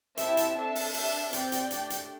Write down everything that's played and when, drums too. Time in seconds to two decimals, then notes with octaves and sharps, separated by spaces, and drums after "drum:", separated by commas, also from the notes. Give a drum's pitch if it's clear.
0.17 C4 E4 G4 E5 A5, drum: hi-hat
0.37 drum: hi-hat
0.56 D4 A4 E5 A5
0.75 drum: open hi-hat
0.94 D4 G4 E5 A5, drum: open hi-hat
1.33 C4 G4 D5 G5, drum: hi-hat
1.52 drum: hi-hat
1.71 A3 D4 G4, drum: hi-hat
1.90 drum: hi-hat